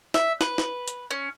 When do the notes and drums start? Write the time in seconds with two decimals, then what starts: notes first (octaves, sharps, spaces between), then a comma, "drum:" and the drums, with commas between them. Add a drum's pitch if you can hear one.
0.14 E5, drum: snare
0.41 B4, drum: snare
0.58 drum: snare
0.88 drum: hi-hat
1.11 C#4